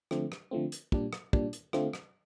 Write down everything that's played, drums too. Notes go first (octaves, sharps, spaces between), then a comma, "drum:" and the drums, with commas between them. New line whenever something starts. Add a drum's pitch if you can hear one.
D3 F3 A3 C4, drum: rim click
drum: rim click
D3 F3 A3 C4
drum: hi-hat
A#2 G3 D4, drum: kick
drum: rim click
A#2 G3 D4, drum: kick
drum: hi-hat
D3 A3 C4 F4, drum: rim click
drum: rim click